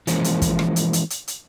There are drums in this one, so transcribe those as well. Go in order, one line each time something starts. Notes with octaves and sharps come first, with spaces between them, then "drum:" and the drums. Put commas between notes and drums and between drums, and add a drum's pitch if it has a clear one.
E3 F3 G#3 A#3 C#4 C5, drum: hi-hat
drum: hi-hat
drum: kick, hi-hat
drum: rim click
drum: hi-hat
drum: hi-hat
drum: hi-hat
drum: hi-hat